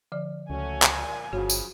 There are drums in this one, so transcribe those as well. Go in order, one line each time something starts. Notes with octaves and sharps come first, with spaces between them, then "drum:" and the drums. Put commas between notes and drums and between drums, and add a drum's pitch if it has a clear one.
D3 F3 D5
C#2 A3 C#4 F#4 G#5
drum: clap
A#2
G1 C#3 F3 F#3 F#4 C#5
drum: tambourine